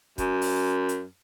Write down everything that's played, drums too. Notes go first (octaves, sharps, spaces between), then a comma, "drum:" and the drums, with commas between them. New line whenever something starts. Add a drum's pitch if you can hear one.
F#2, drum: kick, hi-hat
drum: open hi-hat
drum: hi-hat